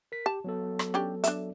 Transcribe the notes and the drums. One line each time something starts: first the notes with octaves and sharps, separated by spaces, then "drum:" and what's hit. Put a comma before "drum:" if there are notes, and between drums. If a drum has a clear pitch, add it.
A#4 B6
G4 A5
F#3 B3 A4
drum: rim click
C#4 D4 G4
D4 E5, drum: hi-hat